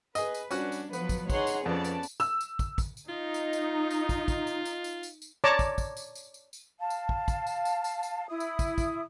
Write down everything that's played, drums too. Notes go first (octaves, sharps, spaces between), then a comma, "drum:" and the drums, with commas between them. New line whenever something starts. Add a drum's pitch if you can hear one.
G#4 B4 D#5, drum: tambourine
drum: tambourine
G3 C#4 D4 F#4 F#5, drum: tambourine
drum: tambourine
F3 F#3 B3 B4, drum: tambourine
drum: kick, tambourine
D#4 G#4 C#5 F#5 C6, drum: kick, tambourine
drum: tambourine
F2 B3 C#4 D5 A5
drum: tambourine
drum: tambourine
E6, drum: tambourine
drum: tambourine
drum: kick, tambourine
drum: kick, tambourine
drum: tambourine
D#4 F4
drum: tambourine
drum: tambourine
drum: tambourine
drum: kick, tambourine
drum: kick, tambourine
drum: tambourine
drum: tambourine
drum: tambourine
drum: tambourine
drum: tambourine
C#5 D5 A5 A#5 D6
drum: kick, tambourine
drum: kick, tambourine
drum: tambourine
drum: tambourine
drum: tambourine
drum: tambourine
F5 A5
drum: tambourine
drum: kick
drum: kick, tambourine
drum: tambourine
drum: tambourine
drum: tambourine
drum: tambourine
E4 D#6
drum: tambourine
drum: kick, tambourine
drum: kick, tambourine